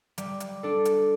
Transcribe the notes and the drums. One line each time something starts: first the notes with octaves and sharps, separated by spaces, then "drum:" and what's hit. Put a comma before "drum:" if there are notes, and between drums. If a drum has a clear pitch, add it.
G3, drum: hi-hat
drum: hi-hat
D4 A4
drum: hi-hat